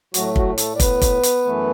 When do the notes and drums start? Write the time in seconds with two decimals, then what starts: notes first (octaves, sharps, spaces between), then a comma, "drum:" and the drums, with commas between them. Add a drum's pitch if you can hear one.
0.14 A2 F#3 A3 F#4, drum: hi-hat
0.36 F#3 F#4, drum: kick
0.58 A3 A4, drum: hi-hat
0.75 D5
0.80 B3 B4, drum: kick, hi-hat
1.01 drum: kick, hi-hat
1.23 drum: hi-hat
1.45 F#2 E3 A3